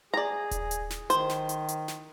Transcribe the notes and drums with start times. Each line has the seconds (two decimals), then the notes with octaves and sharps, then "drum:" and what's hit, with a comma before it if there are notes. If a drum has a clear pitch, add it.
0.14 G#4 D5 A#5
0.51 drum: kick D#1, hi-hat
0.71 drum: hi-hat
0.90 drum: snare
1.10 D#3 C5, drum: hi-hat
1.29 drum: snare
1.49 drum: hi-hat
1.68 drum: hi-hat
1.88 drum: snare